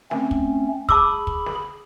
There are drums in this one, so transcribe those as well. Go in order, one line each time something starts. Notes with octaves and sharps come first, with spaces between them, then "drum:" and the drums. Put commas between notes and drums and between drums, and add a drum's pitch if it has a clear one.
A3 C4 C#4, drum: snare
drum: kick
G#4 A5 B5 D6 E6, drum: kick
drum: kick
drum: snare